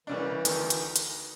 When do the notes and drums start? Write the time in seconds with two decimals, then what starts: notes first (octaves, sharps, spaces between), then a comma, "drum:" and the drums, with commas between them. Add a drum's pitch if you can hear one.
0.07 C2 C#3 E3 D4
0.45 D2 D#3, drum: hi-hat
0.70 drum: hi-hat
0.96 drum: hi-hat